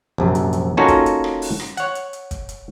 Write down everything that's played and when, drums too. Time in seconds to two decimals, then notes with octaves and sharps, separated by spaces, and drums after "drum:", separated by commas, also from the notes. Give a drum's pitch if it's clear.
0.18 A#1 F#2 C3
0.35 drum: hi-hat
0.53 drum: hi-hat
0.77 A#3 C#4 D#4 F4 F#4 A4
0.88 drum: kick, hi-hat
1.06 drum: hi-hat
1.24 drum: rim click
1.42 drum: open hi-hat
1.60 drum: rim click
1.77 C#5 F#5, drum: hi-hat
1.95 drum: hi-hat
2.13 drum: hi-hat
2.31 drum: kick, hi-hat
2.49 drum: hi-hat